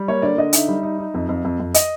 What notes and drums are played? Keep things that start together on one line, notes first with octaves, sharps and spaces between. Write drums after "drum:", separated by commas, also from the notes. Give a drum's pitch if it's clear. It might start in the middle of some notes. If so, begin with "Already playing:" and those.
Already playing: G3
A#3 C#5
D3 D5
D3 D#5
D#4 E5, drum: hi-hat
G3
D#4
D#4
F2
F2
F2
F2
D#5, drum: hi-hat